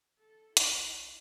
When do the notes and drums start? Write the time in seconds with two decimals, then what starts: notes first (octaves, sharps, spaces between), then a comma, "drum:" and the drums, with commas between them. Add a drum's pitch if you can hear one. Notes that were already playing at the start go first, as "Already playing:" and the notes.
0.19 A4
0.57 B1 E4 F4, drum: hi-hat